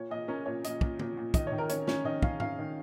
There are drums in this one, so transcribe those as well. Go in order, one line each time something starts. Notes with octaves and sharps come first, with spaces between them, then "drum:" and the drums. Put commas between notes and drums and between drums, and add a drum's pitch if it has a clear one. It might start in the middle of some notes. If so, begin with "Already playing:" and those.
Already playing: A#2 C#5
A#2 D#5
C#4 A#4
A#2 C#5
A#2 D#5, drum: hi-hat
A#2, drum: kick
A#2, drum: tom
A#2
D#3 D#5, drum: kick, hi-hat
D#3 C#5
A#4
C#4 C#5, drum: hi-hat
C#4, drum: snare
D#3 D#5
C#4 F5, drum: kick
C#4 F5, drum: tom G#2
D#3